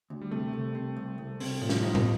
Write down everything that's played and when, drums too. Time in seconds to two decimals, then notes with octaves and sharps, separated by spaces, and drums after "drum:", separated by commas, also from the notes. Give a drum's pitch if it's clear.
0.10 D2
0.21 G3
0.31 C3 A3
0.53 C2
0.75 C3
0.96 C2
1.18 C2
1.40 C3, drum: open hi-hat
1.61 A2 F3
1.69 G3, drum: snare
1.76 F3
1.83 D#4
1.95 drum: tom